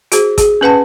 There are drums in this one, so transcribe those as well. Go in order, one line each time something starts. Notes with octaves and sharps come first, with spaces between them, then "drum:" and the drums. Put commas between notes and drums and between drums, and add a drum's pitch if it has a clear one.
F#4 G#4 C5, drum: hi-hat
G#4, drum: kick, hi-hat
C#4 B4 F#5 A5